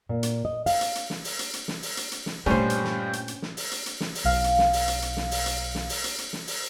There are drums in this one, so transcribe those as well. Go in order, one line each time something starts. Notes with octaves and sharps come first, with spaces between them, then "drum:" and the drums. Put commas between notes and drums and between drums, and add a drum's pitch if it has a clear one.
A#2
drum: hi-hat
D#5
F5, drum: open hi-hat
drum: hi-hat
drum: hi-hat
drum: snare
drum: open hi-hat
drum: hi-hat
drum: hi-hat
drum: snare
drum: open hi-hat
drum: hi-hat
drum: hi-hat
drum: snare
G2 A#2 G3 A3 C#4 C5 G5
drum: hi-hat
drum: snare
drum: hi-hat
drum: hi-hat
drum: snare
drum: open hi-hat
drum: hi-hat
drum: hi-hat
drum: snare
drum: open hi-hat
B1 F5
drum: hi-hat
drum: snare
drum: open hi-hat
drum: hi-hat
drum: hi-hat
drum: snare
drum: open hi-hat
drum: hi-hat
drum: snare
drum: open hi-hat
drum: hi-hat
drum: hi-hat
drum: snare
drum: open hi-hat